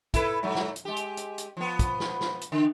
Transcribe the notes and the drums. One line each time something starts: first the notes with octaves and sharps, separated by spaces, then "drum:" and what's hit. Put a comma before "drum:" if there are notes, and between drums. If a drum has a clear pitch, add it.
E4 A4 B4, drum: kick, hi-hat
G#2 F#3
drum: snare
drum: hi-hat
G#3 G4
drum: hi-hat
drum: hi-hat
drum: hi-hat
F3 B3
drum: kick, hi-hat
drum: snare
drum: snare
drum: hi-hat
D3